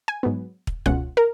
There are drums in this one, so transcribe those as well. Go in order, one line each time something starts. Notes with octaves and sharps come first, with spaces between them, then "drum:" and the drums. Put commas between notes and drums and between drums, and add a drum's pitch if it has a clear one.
G#5
G#2 F#3 B3
drum: kick
C#2 B2 G#3 C#4 F4 F#5, drum: kick
A#4